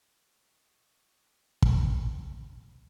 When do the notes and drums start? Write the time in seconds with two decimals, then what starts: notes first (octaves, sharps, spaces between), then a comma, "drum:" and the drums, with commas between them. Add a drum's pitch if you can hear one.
0.16 F#4 G4 D#5
1.62 drum: kick
1.91 B3 A5
2.09 G#3 A#3 G#4 B5
2.22 G3 B3 C4 D#4
2.54 B4